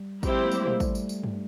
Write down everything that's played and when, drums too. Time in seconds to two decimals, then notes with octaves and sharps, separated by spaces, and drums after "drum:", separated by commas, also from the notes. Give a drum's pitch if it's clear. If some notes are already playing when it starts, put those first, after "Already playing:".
Already playing: G3
0.23 F#3 G#3 C4 E4 G4 C5, drum: kick, tambourine
0.44 A#3
0.52 G3 A3, drum: tambourine
0.66 G#3 A#3, drum: tom A#2
0.80 G3 A3, drum: kick, tambourine
0.95 drum: tambourine
1.09 drum: tambourine
1.24 drum: tom G2